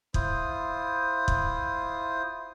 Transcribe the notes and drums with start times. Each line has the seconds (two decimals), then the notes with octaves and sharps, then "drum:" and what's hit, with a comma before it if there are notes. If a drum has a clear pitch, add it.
0.14 E4 F4 C5 D#6, drum: kick
1.28 drum: kick